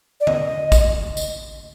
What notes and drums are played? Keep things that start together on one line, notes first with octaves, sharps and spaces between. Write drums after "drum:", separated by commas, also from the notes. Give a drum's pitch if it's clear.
D5
D#5, drum: tom D3
drum: kick, tambourine
drum: tambourine